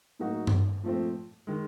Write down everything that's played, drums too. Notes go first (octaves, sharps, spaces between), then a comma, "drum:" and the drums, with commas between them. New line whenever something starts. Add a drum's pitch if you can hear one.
A2 F#3 A#3 D#4 F#4
drum: tom G2
A#2 F3 A3 C4
D#3 G#3